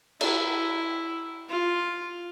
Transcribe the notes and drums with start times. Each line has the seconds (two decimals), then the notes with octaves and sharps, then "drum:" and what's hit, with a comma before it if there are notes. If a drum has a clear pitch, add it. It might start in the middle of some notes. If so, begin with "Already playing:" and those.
0.21 E4, drum: cymbal
1.49 F4